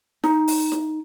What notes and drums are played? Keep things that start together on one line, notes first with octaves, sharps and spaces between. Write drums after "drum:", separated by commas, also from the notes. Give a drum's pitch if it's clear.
D#4, drum: snare
drum: open hi-hat
drum: snare